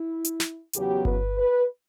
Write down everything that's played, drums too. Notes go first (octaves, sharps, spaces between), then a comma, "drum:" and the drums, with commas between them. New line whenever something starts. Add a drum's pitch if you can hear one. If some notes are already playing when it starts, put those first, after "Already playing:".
Already playing: E4
drum: hi-hat
drum: snare
E2 C#3 F#3 B3 G4, drum: hi-hat
B4, drum: kick G1
B4